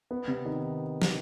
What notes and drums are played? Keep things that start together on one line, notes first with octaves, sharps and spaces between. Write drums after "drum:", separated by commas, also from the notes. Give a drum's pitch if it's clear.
B3
C3
D#3
drum: snare